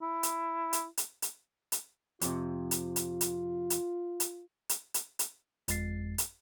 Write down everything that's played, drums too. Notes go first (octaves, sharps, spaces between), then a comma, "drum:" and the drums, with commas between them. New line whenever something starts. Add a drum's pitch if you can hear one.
E4
drum: hi-hat
drum: hi-hat
drum: hi-hat
drum: hi-hat
drum: hi-hat
F2 C3 F4, drum: hi-hat
drum: hi-hat
drum: hi-hat
drum: hi-hat
drum: hi-hat
drum: hi-hat
drum: hi-hat
drum: hi-hat
drum: hi-hat
G1 F2 G#3 A6 C7, drum: hi-hat
drum: hi-hat